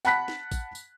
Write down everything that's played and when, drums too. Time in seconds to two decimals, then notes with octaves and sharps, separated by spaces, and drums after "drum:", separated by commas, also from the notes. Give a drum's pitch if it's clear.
0.05 F#5 A5 B5 F#6 B6, drum: tambourine
0.28 drum: snare
0.52 drum: kick, tambourine
0.75 drum: tambourine